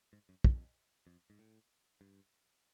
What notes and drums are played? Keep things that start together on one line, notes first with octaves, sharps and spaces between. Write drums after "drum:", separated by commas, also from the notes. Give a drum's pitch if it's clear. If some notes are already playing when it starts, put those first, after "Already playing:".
G#2
F#2
F2, drum: kick
F2
G#2
A2
G2